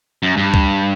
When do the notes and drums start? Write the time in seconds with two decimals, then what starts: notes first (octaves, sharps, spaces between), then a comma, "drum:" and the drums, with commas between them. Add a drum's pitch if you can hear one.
0.23 F#2
0.37 G2
0.54 drum: kick C#2